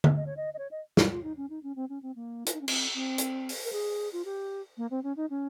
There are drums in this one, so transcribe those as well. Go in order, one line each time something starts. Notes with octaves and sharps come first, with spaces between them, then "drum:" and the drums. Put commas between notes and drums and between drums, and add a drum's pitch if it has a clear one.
drum: tom D3
D#5
C#5
D#5
D#5
C#5
D#5
F4, drum: snare
F4
D#4
C#4
D#4
C#4
C4
C#4
C4
A#3
F4, drum: hi-hat
D#4
C#4
C4, drum: cymbal
C4
drum: hi-hat
drum: open hi-hat
A#4
G#4
F4
G4
A#3
C4
C#4
D#4
C#4